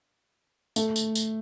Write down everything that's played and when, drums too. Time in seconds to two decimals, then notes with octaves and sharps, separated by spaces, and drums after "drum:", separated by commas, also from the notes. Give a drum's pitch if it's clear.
0.76 A3, drum: tambourine
0.96 drum: tambourine
1.15 drum: tambourine